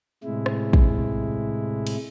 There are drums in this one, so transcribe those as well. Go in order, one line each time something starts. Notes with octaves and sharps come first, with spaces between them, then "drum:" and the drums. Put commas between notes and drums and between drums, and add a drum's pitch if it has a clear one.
A2 C3 G#3 E4
drum: rim click
drum: kick
drum: cymbal